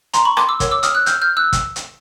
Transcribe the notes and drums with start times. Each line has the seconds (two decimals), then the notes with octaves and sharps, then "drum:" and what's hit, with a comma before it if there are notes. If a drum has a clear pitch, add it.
0.14 A#5 C6, drum: hi-hat
0.25 B5 C#6
0.37 C6 D6, drum: rim click
0.49 D6 E6
0.60 A#4 C#5 F#5, drum: kick, hi-hat
0.71 D6 E6
0.83 D#6 F6, drum: hi-hat
0.94 E6 F#6
1.06 F6 G6, drum: hi-hat
1.22 F6 G6
1.37 E6 F#6
1.53 drum: kick, hi-hat
1.76 drum: hi-hat